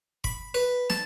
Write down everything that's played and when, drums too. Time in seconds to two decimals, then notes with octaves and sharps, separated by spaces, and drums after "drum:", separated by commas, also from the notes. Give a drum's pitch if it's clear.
0.24 B5, drum: kick
0.54 B4
0.90 A5, drum: snare